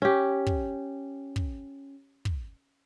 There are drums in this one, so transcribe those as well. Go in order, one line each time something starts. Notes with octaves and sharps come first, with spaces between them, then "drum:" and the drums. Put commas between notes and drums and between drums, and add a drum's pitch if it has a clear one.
C#4 G4
drum: kick
drum: kick
drum: kick